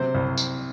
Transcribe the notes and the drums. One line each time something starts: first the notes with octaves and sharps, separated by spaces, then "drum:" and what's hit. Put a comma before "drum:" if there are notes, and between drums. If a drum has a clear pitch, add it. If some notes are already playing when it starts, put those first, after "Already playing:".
Already playing: C3 F#3 C5
C2
drum: tambourine